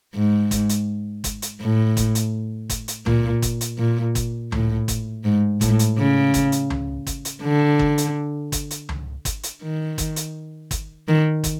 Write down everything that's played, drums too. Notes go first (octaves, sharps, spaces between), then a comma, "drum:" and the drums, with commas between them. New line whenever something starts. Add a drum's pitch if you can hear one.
G#2
drum: kick, hi-hat
drum: hi-hat
drum: kick, hi-hat
drum: hi-hat
A2
drum: kick, hi-hat
drum: hi-hat
drum: kick, hi-hat
drum: hi-hat
A#2, drum: tom C#2
drum: kick, hi-hat
drum: hi-hat
A#2
drum: kick, hi-hat
A2, drum: tom C#2
drum: kick, hi-hat
G#2
A2, drum: kick, hi-hat
drum: hi-hat
C#3
drum: kick, hi-hat
drum: hi-hat
drum: tom C#2
drum: kick, hi-hat
drum: hi-hat
D3
drum: kick
drum: hi-hat
drum: kick, hi-hat
drum: hi-hat
drum: tom C#2
drum: kick, hi-hat
drum: hi-hat
D#3
drum: kick, hi-hat
drum: hi-hat
drum: kick, hi-hat
D#3
drum: kick, hi-hat